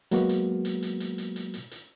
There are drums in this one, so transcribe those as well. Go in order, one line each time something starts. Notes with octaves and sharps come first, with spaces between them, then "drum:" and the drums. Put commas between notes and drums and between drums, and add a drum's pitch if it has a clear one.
F#3 G#3 A#3 B3 F#4, drum: hi-hat
drum: hi-hat
drum: hi-hat
drum: hi-hat
drum: hi-hat
drum: hi-hat
drum: hi-hat
drum: hi-hat
drum: hi-hat